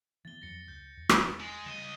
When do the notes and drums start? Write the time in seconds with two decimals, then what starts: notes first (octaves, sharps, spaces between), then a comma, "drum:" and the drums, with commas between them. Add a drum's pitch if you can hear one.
0.25 E3 B3 A6 G7
0.42 F2 F#3 A#6 C#7
0.68 C#2 G6
0.97 E2
1.09 drum: rim click
1.40 G#3 B6
1.66 C#2 G3 D#5 E7